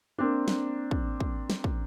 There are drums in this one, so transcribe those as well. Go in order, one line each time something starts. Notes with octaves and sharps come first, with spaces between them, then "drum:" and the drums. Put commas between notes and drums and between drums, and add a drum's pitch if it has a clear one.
A#3 C4 D4
drum: snare
drum: kick
drum: kick
drum: snare
drum: kick